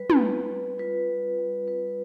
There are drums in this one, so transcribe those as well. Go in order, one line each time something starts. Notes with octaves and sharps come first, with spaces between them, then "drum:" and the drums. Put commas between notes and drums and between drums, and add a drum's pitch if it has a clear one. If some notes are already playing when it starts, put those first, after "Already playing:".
Already playing: G3 B4
drum: tom
G3
C4
F4 B4
G3
G3
C4 B4